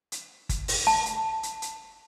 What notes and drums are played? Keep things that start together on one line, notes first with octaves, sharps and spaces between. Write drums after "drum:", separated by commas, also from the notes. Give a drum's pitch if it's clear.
drum: hi-hat
drum: kick G1, hi-hat
drum: open hi-hat
A5
drum: hi-hat
drum: hi-hat
drum: hi-hat